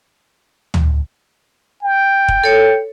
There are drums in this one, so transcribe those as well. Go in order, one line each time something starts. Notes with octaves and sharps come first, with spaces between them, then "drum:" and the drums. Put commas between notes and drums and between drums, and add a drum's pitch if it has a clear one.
drum: tom
G5
drum: kick
A4 C#5